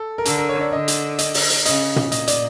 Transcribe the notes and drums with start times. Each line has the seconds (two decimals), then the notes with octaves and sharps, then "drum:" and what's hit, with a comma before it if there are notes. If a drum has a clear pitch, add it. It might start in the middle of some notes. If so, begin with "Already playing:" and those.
Already playing: A4
0.18 A#4
0.25 D3 A4, drum: hi-hat
0.38 A#4
0.49 C#5
0.61 D5
0.72 D3 D#5
0.88 drum: hi-hat
1.19 D#5, drum: hi-hat
1.34 drum: open hi-hat
1.50 drum: hi-hat
1.65 C#3 D#5, drum: hi-hat
1.96 drum: tom
2.12 A#2 D#5, drum: hi-hat
2.28 D5, drum: hi-hat